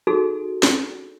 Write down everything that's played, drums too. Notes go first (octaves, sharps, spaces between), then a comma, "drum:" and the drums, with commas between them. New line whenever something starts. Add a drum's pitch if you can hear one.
D#4 F#4 G#4 A4
drum: snare